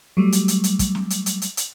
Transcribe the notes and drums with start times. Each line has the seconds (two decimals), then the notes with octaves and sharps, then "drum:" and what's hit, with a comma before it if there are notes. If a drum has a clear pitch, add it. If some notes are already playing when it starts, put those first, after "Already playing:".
0.17 F#3 G3 A3
0.32 drum: hi-hat
0.48 drum: hi-hat
0.64 drum: hi-hat
0.79 drum: kick, hi-hat
0.95 drum: snare
1.10 drum: hi-hat
1.26 drum: hi-hat
1.42 drum: hi-hat
1.57 drum: hi-hat